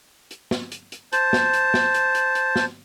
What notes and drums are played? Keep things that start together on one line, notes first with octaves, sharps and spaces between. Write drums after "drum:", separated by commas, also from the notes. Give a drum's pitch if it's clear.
drum: hi-hat
drum: snare A#3
drum: hi-hat
drum: hi-hat
C5 A5, drum: hi-hat
drum: snare A#3
drum: hi-hat
drum: snare A#3
drum: hi-hat
drum: hi-hat
drum: hi-hat
drum: snare A#3